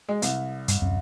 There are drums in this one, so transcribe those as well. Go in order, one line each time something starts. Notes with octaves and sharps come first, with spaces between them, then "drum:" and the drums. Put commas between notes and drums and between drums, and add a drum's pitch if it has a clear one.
G#3
C2, drum: hi-hat
G2, drum: hi-hat
D1 F#2 C4